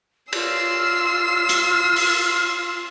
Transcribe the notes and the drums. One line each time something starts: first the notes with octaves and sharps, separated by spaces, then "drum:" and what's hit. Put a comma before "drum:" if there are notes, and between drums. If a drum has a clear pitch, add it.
F4 E6 C7, drum: cymbal
drum: hi-hat
drum: open hi-hat